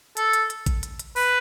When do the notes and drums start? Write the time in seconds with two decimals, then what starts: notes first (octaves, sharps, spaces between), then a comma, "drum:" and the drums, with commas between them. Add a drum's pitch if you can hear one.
0.17 A4, drum: hi-hat
0.33 drum: hi-hat
0.50 drum: hi-hat
0.66 drum: kick A1, hi-hat
0.83 drum: hi-hat
0.99 drum: hi-hat
1.16 B4, drum: open hi-hat